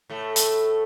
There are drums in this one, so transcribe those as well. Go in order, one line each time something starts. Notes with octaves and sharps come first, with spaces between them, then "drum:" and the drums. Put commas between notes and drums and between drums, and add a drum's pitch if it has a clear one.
A2 A3
drum: hi-hat